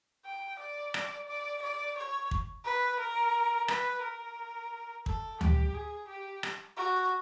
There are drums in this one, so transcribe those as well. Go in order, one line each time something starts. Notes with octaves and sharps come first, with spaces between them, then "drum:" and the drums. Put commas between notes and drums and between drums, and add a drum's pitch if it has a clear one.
G5
D5
drum: rim click
D5
D5
C#5
drum: kick
B4
A#4
B4, drum: rim click
A#4
A4, drum: kick
G4, drum: tom D2
G#4
G4
drum: rim click
F#4